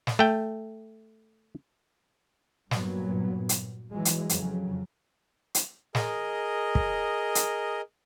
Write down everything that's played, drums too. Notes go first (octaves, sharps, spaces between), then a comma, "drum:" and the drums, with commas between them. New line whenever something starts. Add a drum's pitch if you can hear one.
drum: snare
A3 G5
G2 A#2 F#3 B3, drum: snare
drum: hi-hat
E3 F#3 G#3
drum: hi-hat
F2 C#3 F#3, drum: hi-hat
drum: hi-hat
G#4 A#4 D#5, drum: snare
drum: kick
drum: hi-hat